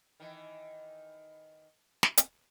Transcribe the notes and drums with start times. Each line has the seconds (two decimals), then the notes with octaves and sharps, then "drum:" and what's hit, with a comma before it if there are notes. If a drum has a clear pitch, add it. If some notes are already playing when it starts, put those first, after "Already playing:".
0.20 D#3 E3
2.03 drum: snare
2.17 drum: hi-hat